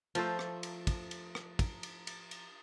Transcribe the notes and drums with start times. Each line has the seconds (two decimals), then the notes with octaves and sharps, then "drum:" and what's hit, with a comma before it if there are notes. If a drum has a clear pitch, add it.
0.15 F3 A3 A4 C5, drum: cymbal
0.39 drum: rim click
0.63 drum: cymbal
0.87 drum: kick, cymbal
1.11 drum: cymbal
1.35 drum: rim click
1.59 drum: kick, cymbal
1.83 drum: cymbal
2.07 drum: cymbal
2.31 drum: cymbal